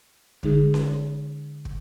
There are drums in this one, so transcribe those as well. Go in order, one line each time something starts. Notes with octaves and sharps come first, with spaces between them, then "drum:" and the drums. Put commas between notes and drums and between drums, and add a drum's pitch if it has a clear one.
D3 G#3 D#4 G#4, drum: kick
drum: snare C#4
drum: kick